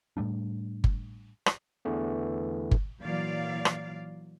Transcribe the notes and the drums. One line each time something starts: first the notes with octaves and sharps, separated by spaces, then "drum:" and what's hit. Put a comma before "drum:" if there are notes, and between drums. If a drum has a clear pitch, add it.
A2 G3 A3 D4
drum: kick G1
drum: rim click
E2 D3 E3 A3 B3
drum: kick G1
A#2 E3 F#3 D5 F5
drum: rim click